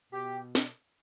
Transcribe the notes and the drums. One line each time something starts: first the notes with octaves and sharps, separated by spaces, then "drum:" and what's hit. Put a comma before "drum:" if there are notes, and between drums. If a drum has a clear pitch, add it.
B2 G4
drum: snare